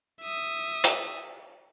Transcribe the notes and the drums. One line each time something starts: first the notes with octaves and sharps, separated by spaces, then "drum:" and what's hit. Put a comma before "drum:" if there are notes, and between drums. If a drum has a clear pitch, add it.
E5 D#6
drum: hi-hat